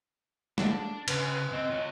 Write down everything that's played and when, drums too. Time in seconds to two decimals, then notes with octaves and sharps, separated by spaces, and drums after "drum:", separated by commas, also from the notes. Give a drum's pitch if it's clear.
0.58 D4, drum: snare
1.08 C#3 B4, drum: cymbal
1.52 C4 D#5
1.70 F4 C#5